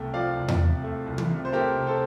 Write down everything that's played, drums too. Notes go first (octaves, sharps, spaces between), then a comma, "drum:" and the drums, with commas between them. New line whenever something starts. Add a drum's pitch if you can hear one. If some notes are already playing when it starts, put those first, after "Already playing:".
Already playing: C2 C3 A3 G5
F3 D5 F5
C2
drum: tom E2
C3
A3
C2
drum: tom
C3
C5
A3 G4 A#4
C3
A4 C5